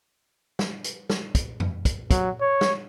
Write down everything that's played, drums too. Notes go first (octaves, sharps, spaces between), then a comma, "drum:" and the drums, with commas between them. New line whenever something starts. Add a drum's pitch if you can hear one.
drum: snare
drum: hi-hat
drum: snare
drum: kick, hi-hat
drum: tom F2
drum: kick, hi-hat
F#3, drum: kick, hi-hat
C#5
drum: snare